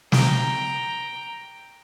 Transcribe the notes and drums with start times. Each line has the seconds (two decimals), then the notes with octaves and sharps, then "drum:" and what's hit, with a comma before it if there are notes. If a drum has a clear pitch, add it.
0.12 G5 A#5, drum: snare